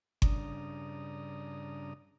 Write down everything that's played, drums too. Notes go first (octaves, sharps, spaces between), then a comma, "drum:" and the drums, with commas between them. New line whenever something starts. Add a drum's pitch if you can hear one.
G2 C#3 D4 D5 A#5 D#6, drum: kick G1